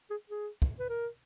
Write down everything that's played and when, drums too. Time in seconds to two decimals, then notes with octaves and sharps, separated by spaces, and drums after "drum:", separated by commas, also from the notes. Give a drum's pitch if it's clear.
0.10 G#4
0.30 G#4
0.62 drum: kick
0.79 B4
0.89 A#4